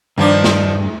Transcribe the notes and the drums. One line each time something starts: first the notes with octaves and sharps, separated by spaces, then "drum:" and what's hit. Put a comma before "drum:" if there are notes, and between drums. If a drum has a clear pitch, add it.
G2 D#3 F3 D4
drum: snare